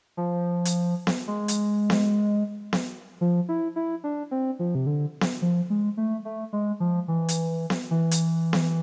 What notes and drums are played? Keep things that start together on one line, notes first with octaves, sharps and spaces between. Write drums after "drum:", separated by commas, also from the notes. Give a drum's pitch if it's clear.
F3
drum: hi-hat
drum: snare B3
G#3
drum: hi-hat
drum: snare B3
drum: snare B3
F3
E4
E4
D4
C4
F3
C3
D3
drum: snare B3
F3
G#3
A3
A3
G#3
F3
E3
drum: hi-hat
drum: snare B3
E3
drum: hi-hat
drum: snare B3